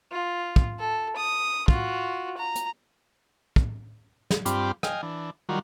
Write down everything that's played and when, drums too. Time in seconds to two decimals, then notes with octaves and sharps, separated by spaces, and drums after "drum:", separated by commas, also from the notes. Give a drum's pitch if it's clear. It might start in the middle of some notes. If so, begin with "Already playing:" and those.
0.12 F4
0.56 drum: kick
0.80 A4
1.16 D#6
1.68 F4 F#4, drum: kick
2.37 A#5
2.55 drum: hi-hat
3.56 drum: kick
4.30 drum: snare
4.45 G2 C4 F4 G4 B5 D6, drum: hi-hat
4.83 D#5 F5 G5 G#5, drum: rim click
5.03 E3 D4
5.49 D#3 F#3 G3 F4 F#4 A#4